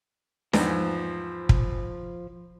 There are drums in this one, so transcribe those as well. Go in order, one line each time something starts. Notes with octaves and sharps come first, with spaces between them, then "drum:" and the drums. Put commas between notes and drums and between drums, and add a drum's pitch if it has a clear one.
E2 G#2 F3, drum: snare D4
drum: kick